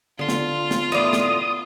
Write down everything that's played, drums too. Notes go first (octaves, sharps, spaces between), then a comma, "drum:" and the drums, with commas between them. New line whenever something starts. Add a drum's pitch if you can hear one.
D3 F4 C6
drum: snare
drum: snare
A2 B3 D#4 D5 D#6
drum: snare